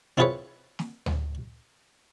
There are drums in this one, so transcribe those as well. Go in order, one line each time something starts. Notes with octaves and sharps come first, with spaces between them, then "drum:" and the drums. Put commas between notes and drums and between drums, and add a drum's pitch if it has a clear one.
C4 E4 F4 G#4 B4 C#5
drum: snare
drum: tom D2